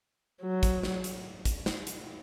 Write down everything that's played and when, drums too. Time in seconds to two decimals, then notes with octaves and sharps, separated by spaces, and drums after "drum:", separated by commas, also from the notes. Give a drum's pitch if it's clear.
0.42 F#3
0.63 drum: kick, hi-hat
0.83 drum: snare
1.04 drum: hi-hat
1.45 drum: kick, hi-hat
1.66 drum: snare
1.87 drum: hi-hat